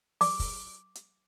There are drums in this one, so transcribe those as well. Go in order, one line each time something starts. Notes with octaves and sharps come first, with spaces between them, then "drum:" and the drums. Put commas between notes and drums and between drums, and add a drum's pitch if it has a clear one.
D6, drum: open hi-hat
drum: kick, open hi-hat
drum: hi-hat